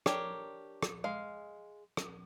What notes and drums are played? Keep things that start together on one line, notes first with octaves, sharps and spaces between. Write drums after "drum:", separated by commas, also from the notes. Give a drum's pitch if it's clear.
D4 G4 A#4 C#5, drum: rim click
drum: rim click
G#3 F5
drum: rim click